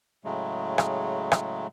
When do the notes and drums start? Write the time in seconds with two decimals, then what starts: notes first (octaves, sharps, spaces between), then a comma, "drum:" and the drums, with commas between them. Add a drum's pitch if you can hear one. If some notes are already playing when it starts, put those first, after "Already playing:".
0.24 A2 C#3 F#3 G#3 A3
0.78 drum: rim click
1.32 drum: rim click